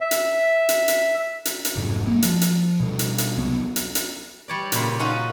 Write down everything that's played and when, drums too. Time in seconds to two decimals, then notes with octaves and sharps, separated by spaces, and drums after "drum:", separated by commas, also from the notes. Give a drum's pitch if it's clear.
0.01 E5
0.11 drum: hi-hat
0.69 drum: hi-hat
0.88 drum: hi-hat
1.45 drum: hi-hat
1.65 drum: hi-hat
1.75 F1 F2 G#2 F#3
2.07 G3 G#3 A#3
2.22 F3, drum: hi-hat
2.41 drum: hi-hat
2.80 B2 G3
2.99 drum: hi-hat
3.18 drum: hi-hat
3.38 E1 C2 F#3 B3
3.76 drum: hi-hat
3.95 drum: hi-hat
4.48 G3 C#5 D5
4.72 A#2 C#3 G3, drum: hi-hat
4.99 C#4 D#4 F4 F#4